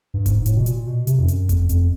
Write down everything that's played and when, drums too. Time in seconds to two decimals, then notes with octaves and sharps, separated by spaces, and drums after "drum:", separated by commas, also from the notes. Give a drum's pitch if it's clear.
0.14 G2
0.26 G#2, drum: kick F1, hi-hat
0.42 G#2
0.46 A2, drum: hi-hat
0.57 B2
0.66 A#2, drum: hi-hat
0.87 B2
1.07 C3, drum: hi-hat
1.19 F2
1.28 F#2, drum: hi-hat
1.49 F2, drum: kick F1, hi-hat
1.69 F2, drum: hi-hat